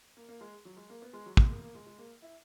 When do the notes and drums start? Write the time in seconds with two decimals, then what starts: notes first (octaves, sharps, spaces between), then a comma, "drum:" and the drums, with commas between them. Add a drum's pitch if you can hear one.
0.17 A#3
0.29 A#3
0.41 G#3
0.65 F#3
0.77 G#3
0.90 A#3
1.02 B3
1.13 G#3
1.26 F#3
1.37 G#3, drum: kick
1.50 A#3
1.62 A#3
1.75 G#3
1.87 G#3
1.98 A#3
2.22 E4